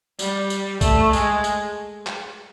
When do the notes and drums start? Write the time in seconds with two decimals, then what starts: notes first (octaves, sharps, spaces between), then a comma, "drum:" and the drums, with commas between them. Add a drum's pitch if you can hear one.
0.19 G3, drum: tambourine
0.50 drum: tambourine
0.81 A3, drum: kick B1, tambourine
1.13 G#3, drum: tambourine
1.44 drum: tambourine
2.06 drum: clap